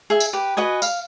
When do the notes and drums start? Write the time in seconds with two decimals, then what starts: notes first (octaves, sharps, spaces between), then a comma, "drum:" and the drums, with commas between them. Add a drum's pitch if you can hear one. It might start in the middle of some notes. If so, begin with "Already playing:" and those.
0.10 G#4 E5
0.20 drum: tambourine
0.33 G4 B4
0.57 F#4 B4 D#5 G#5
0.82 F5, drum: tambourine